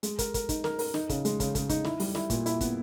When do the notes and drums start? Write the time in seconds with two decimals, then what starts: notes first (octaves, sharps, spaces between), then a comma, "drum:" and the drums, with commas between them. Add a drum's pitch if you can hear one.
0.03 G#3, drum: hi-hat
0.19 A#4, drum: kick, hi-hat
0.34 A#4, drum: kick, hi-hat
0.49 D#4, drum: kick, hi-hat
0.64 A#4, drum: snare
0.79 A#4, drum: open hi-hat
0.94 D#4, drum: snare
1.09 C#3, drum: kick, hi-hat
1.25 G#3, drum: hi-hat
1.40 C#3, drum: kick, hi-hat
1.55 C#3, drum: kick, hi-hat
1.69 D#4, drum: kick, hi-hat
1.84 E4, drum: snare
2.00 G3, drum: open hi-hat
2.15 E4, drum: snare
2.30 A#2, drum: kick, hi-hat
2.46 E4, drum: hi-hat
2.61 B3, drum: kick, hi-hat